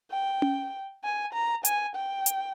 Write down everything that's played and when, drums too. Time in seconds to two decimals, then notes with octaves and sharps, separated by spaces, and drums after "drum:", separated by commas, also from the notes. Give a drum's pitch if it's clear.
0.11 G5
0.42 drum: tom C#4
1.04 G#5
1.34 A#5
1.65 G#5, drum: hi-hat
1.96 G5
2.26 drum: hi-hat